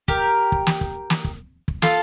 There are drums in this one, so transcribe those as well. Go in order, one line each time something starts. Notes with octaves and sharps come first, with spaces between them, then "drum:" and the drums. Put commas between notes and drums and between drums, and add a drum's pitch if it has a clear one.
G4 A#4, drum: kick
drum: kick
drum: snare
drum: kick
drum: snare
drum: kick
drum: kick
F4 A4, drum: snare